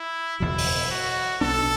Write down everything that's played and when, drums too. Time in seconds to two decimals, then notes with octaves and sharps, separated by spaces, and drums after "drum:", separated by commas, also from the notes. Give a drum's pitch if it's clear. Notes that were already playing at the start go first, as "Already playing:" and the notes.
Already playing: E4
0.40 F#1 E2 B2 F#3 E4
0.58 drum: open hi-hat
0.91 F#4
1.41 B1 B2 B3 D4 A4